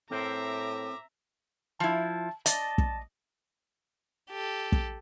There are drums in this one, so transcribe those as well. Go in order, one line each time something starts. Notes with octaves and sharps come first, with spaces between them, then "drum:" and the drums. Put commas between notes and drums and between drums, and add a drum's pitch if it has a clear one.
A2 C4 A#4 C5 E5 A#5 D6
F3 E4 A5
D5 D#5 A5, drum: hi-hat
drum: kick
G4 A4
drum: kick